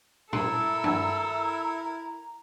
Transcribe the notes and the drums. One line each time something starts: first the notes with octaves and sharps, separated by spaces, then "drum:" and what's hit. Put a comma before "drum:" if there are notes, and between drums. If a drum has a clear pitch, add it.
E4 A4 A#4 A#5 E6, drum: tom A#2
drum: tom